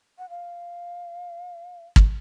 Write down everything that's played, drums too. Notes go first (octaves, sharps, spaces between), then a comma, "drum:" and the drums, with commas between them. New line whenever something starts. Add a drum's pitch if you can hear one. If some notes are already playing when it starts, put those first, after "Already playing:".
F#5
F5
drum: kick